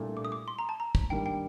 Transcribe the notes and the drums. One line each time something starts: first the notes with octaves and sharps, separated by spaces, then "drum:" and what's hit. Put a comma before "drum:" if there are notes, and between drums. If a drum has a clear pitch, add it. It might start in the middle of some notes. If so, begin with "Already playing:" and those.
Already playing: C2 A#2 A3 D4 A4
D6
D#6
D6
C6
A#5
A5
A#5
drum: kick
G2 D#3 G3 A#3 G5
G5